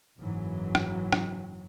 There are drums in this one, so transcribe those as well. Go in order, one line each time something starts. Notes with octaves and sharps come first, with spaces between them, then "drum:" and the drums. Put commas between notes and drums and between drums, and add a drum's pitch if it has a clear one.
F#1 G#2 E3 F#3
drum: rim click
drum: rim click